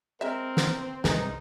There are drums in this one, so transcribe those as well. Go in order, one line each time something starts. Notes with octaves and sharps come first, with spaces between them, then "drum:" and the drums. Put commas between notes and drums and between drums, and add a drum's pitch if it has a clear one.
G#3 C4 A#4 E5
B3, drum: snare
C2 G#2 D#4 G#4 A#4 B4, drum: snare